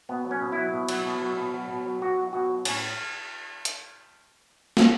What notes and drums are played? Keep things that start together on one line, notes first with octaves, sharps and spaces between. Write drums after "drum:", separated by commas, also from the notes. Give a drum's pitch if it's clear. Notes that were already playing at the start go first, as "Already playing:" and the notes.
B2 B3
F#3
C#4
B2
F#3 E4
B2
F#3, drum: cymbal
B2
F#3
B2
F#3
B2
F#3
B2 F#4
F#3
B2 F#4
F#3
A2 C#4, drum: cymbal
drum: hi-hat
drum: snare